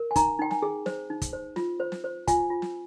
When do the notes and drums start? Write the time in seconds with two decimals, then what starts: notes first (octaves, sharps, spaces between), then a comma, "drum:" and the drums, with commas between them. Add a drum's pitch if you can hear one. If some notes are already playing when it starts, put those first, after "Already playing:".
Already playing: A#4
0.11 G#5
0.16 D#4 A#5, drum: kick, hi-hat
0.39 D#4 G5
0.51 G#5, drum: snare
0.62 G#4
0.86 C5, drum: snare
1.10 D#4
1.22 drum: kick, hi-hat
1.33 C5
1.56 F4, drum: snare
1.80 C5
1.92 drum: snare
2.04 C5
2.28 F4 G#5, drum: kick, hi-hat
2.50 F4
2.62 drum: snare